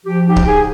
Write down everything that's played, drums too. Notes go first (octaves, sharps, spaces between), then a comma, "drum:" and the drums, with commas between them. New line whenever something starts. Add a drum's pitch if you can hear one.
F3 G4
G#2 G4
drum: kick C#1
G#2 G#4